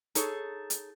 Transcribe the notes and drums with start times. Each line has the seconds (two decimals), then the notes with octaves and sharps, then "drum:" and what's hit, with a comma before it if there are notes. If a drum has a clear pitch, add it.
0.15 D#4 G#4 A4 C#5, drum: hi-hat
0.70 drum: hi-hat